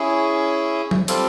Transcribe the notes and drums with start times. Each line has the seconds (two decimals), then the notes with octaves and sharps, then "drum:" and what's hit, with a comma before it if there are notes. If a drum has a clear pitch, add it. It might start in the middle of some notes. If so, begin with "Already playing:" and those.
Already playing: C#4 E4 G#4
0.91 drum: tom F#3
1.08 G3 C4 F4 A4, drum: hi-hat